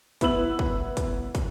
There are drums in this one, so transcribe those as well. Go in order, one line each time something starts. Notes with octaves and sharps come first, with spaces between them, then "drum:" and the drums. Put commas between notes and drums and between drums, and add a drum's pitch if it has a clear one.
B3 E4 B4 E6 F#7, drum: kick, hi-hat
drum: kick
drum: kick, hi-hat
drum: kick, hi-hat